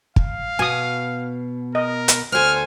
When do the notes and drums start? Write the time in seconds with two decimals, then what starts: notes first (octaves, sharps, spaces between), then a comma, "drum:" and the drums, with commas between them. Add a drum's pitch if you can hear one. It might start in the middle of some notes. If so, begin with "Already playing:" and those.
0.16 F5, drum: kick
0.59 B2 G#5 D#6
1.75 A#4 D#5
2.08 drum: hi-hat
2.32 D2 A4 C5 G#5 F6